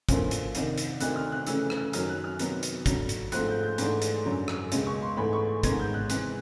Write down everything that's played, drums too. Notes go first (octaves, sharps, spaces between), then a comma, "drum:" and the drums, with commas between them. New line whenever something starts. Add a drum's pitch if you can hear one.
F#2 D3 F3 A#3 C#4, drum: kick, hi-hat
drum: hi-hat
C2 C3 D#3, drum: hi-hat
drum: hi-hat
D2 C3 D#3 F#6, drum: hi-hat
F6
F#6
F2 C#3 E3 A3 C#4 E6, drum: hi-hat
drum: rim click
F#2 D#3 F#3 F6, drum: hi-hat
F#6
F6
C3 D#3 F#3 B3, drum: hi-hat
drum: hi-hat
F2 D3 F#3, drum: kick, hi-hat
drum: hi-hat
G#2 F3 A3 C4 F#6, drum: hi-hat
G6
G6
G#2 E3 A3 D4, drum: hi-hat
drum: hi-hat
F#2 D3 F#3
drum: rim click
C#2 B2 G#3, drum: hi-hat
C#6
C6
G#2 E3 A3 B5
C#6
G#2 D#3 G#3 B3 G#6, drum: kick, hi-hat
G6
F#6
C3 E3 G#3 F#6, drum: hi-hat